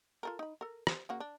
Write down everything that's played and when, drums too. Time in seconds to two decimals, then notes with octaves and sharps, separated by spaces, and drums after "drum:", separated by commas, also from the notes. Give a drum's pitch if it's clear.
0.23 F4 A4 A#4
0.39 D#4 B5
0.61 A4 A#4
0.87 C5, drum: rim click
1.09 C#3 A#3 F#4
1.20 D4